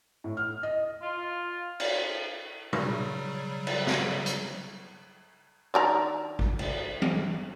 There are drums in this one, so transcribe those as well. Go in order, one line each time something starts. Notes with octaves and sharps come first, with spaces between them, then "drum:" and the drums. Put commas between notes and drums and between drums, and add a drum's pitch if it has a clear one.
A2
F6
D#5
F4
drum: cymbal
C#3 F#3 G3, drum: tom
drum: cymbal
drum: snare
drum: hi-hat
D#3 D4 A#5
drum: kick G#1
drum: cymbal
drum: tom E3